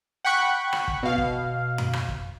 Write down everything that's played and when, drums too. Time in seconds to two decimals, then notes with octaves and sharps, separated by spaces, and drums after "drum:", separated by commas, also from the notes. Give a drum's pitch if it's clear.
0.25 F#5 G5 B5 C#6 F#6
0.73 drum: rim click
0.88 drum: kick
1.03 B2 F5
1.18 drum: kick
1.78 drum: tom F#2
1.93 drum: rim click
2.08 drum: kick